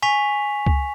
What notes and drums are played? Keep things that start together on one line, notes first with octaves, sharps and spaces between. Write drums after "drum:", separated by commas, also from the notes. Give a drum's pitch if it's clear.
G#5 C#6 B6 F7
drum: kick C#2